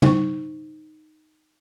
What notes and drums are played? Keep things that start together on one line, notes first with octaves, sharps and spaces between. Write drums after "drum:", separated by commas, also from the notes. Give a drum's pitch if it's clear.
D#4 C5 C#6, drum: tom